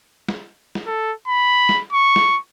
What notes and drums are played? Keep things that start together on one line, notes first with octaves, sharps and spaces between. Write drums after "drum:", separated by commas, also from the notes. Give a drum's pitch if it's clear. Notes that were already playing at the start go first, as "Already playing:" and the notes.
drum: snare
drum: snare
A4
B5
drum: snare
C#6
drum: snare